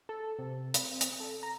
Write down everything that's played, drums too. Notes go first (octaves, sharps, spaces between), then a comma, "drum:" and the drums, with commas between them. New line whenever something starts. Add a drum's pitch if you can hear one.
A4
C3
C4, drum: hi-hat
drum: hi-hat
A4
A#5